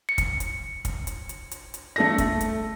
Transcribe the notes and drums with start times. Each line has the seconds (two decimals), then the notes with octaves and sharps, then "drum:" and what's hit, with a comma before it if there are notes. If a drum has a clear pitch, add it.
0.09 C#7
0.18 drum: kick, hi-hat
0.40 drum: hi-hat
0.85 drum: kick, hi-hat
1.07 drum: hi-hat
1.29 drum: hi-hat
1.51 drum: hi-hat
1.74 drum: hi-hat
1.96 A3 A4 A#6
2.18 drum: kick, hi-hat
2.41 drum: hi-hat